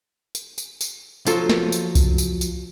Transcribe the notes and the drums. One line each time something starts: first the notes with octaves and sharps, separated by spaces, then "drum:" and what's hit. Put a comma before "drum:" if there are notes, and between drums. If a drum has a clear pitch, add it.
drum: tambourine
drum: tambourine
drum: tambourine
F3 F#3 F4 A4, drum: tambourine
drum: snare
drum: tambourine
drum: kick C2, tambourine
drum: tambourine
drum: tambourine